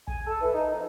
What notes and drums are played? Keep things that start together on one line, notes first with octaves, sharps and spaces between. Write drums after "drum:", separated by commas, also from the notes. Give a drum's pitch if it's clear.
G#5, drum: kick
A4
E3
D#4
F2